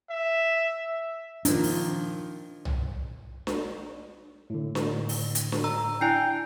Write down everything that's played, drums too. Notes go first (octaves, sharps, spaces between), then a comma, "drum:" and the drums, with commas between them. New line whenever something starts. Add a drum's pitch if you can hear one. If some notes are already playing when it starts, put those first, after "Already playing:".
E5
A#2 D#3 F3 D4, drum: hi-hat
drum: open hi-hat
drum: tom B1
drum: snare D4
A2 D3
drum: snare D4
drum: open hi-hat
drum: hi-hat
drum: snare D4
A#5 E6
D4 E4 G5 G#5 C7